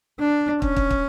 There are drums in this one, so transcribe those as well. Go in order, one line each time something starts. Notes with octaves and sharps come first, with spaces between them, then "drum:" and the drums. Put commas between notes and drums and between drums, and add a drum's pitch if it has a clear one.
D4
C#4, drum: kick
drum: kick
drum: kick